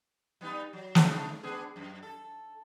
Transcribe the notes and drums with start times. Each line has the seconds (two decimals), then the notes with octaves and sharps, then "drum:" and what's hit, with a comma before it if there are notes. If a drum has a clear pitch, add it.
0.41 G3 B3 D#4
0.73 F#3
0.95 C3 A3 D#4, drum: snare
1.43 B3 D4 G#4
1.76 F#2
2.02 A4